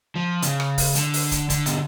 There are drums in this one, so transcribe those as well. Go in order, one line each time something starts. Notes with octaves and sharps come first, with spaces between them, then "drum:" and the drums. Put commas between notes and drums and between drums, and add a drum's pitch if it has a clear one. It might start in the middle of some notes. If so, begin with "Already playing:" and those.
F3
C#3, drum: hi-hat
drum: rim click
drum: kick, open hi-hat
D3, drum: hi-hat
drum: open hi-hat
drum: kick, hi-hat
D3, drum: kick, hi-hat
B2, drum: hi-hat